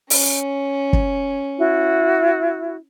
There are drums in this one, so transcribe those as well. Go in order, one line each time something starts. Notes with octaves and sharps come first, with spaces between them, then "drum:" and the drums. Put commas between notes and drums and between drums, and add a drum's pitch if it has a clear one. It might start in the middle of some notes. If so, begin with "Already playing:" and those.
C#4, drum: open hi-hat
drum: kick
E4 F#4